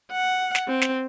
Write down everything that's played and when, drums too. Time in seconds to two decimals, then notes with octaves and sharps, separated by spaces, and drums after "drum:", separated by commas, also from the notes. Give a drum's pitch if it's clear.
0.12 F#5
0.55 drum: snare
0.68 C4
0.81 drum: snare